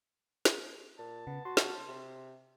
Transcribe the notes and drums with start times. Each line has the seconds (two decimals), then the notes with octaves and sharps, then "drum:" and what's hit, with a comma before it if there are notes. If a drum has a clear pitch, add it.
0.45 drum: snare
0.99 A#2 A5
1.27 C#3 B3
1.45 F#4 C6
1.57 drum: snare
1.88 C3